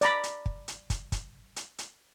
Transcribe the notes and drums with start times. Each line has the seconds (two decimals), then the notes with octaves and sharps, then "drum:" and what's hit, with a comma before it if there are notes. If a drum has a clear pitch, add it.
0.01 D5 A#5 B5, drum: hi-hat
0.23 drum: hi-hat
0.46 drum: kick
0.68 drum: hi-hat
0.90 drum: kick, hi-hat
1.12 drum: kick, hi-hat
1.56 drum: hi-hat
1.78 drum: hi-hat